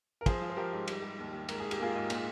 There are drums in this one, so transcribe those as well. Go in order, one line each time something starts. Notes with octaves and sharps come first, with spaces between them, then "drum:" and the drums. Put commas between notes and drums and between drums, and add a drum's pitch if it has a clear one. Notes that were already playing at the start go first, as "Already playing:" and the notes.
A#4
F3 G#4 C5, drum: kick, cymbal
F3
C5
F3 G4 A#4
G#2
G3, drum: cymbal
G3
D#2
D#2
G#2 A#4, drum: cymbal
G#2 G#4
G4, drum: cymbal
A#3 F4 G#4
G#2
A#2, drum: cymbal